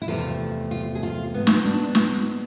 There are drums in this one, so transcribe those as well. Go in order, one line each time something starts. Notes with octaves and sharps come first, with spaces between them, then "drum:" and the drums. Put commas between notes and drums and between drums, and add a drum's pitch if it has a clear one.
E4
E2 C3 F3 A3 F4
F4
G#4
F4
G#2 G#3 B3
drum: snare
D4
drum: snare